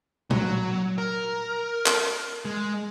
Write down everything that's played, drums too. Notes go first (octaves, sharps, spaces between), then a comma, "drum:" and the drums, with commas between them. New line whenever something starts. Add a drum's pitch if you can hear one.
F#3, drum: tom
A#4
drum: clap
G#3